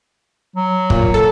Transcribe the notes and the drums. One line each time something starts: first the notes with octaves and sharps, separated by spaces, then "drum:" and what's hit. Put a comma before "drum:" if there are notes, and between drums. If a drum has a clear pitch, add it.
F#3
A#2, drum: kick
A4